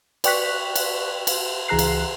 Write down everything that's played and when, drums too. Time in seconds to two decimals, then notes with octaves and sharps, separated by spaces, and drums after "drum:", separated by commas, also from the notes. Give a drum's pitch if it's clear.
0.24 B4 D5 G5 C#6 F#6 B6, drum: cymbal
0.76 drum: cymbal
1.27 drum: cymbal
1.68 C#2 E3 G#4 A#5 F#6 C7
1.79 drum: cymbal